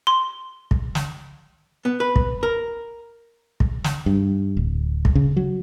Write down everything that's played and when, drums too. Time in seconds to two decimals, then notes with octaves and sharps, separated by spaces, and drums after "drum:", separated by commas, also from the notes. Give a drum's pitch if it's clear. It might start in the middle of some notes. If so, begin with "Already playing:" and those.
0.07 C6
0.71 drum: kick
0.95 drum: snare
1.85 B3
2.00 B4
2.16 drum: kick
2.43 A#4
3.60 drum: kick
3.84 drum: snare
4.06 G2
4.57 D1
5.05 drum: kick
5.15 C#3
5.37 F#3